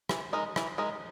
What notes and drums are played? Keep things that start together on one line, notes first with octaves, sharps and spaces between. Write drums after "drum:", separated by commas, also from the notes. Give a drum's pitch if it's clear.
E3, drum: rim click
G#3 D#4 A#4 D#5
E3, drum: rim click
G#3 D#4 A#4 D#5